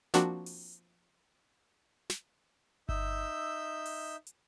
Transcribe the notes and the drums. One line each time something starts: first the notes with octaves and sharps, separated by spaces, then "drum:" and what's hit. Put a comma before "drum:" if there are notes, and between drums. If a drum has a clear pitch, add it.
F3 A#3 C4 D4 F#4, drum: snare
drum: open hi-hat
drum: snare
D#4 E5 E6 G6, drum: kick G1
drum: open hi-hat
drum: hi-hat